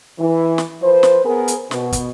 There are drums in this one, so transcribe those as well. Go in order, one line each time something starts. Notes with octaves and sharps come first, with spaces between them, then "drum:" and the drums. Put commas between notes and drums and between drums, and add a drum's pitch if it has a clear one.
E3
drum: snare
F3 B4 C5
drum: snare
B3 G#4 A#4
drum: hi-hat
B2, drum: snare
drum: kick, hi-hat